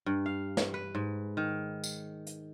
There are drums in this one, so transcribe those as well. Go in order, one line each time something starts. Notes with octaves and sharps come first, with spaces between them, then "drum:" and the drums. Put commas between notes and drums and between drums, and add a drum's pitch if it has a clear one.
G2
F5
drum: snare
B4
G#2
D#3
drum: tambourine
drum: hi-hat